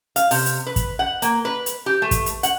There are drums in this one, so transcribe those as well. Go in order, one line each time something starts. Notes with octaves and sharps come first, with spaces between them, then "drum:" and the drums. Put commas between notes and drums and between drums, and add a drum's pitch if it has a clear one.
F5, drum: hi-hat
C3, drum: open hi-hat
drum: hi-hat
B4
drum: kick, hi-hat
F#5
A#3, drum: hi-hat
B4
drum: hi-hat
G4
A3
drum: kick, hi-hat
drum: hi-hat
F#5, drum: hi-hat